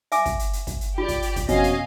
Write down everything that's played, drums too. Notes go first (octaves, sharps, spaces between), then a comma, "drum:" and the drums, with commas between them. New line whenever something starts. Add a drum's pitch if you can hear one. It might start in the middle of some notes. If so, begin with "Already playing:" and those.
E5 G#5 D6, drum: hi-hat
drum: kick, hi-hat
drum: hi-hat
drum: hi-hat
drum: kick, hi-hat
drum: hi-hat
F4 G4 D5
drum: kick, hi-hat
drum: hi-hat
drum: kick, hi-hat
F2 B2 C#4 D#5 F5 G#5, drum: hi-hat
drum: hi-hat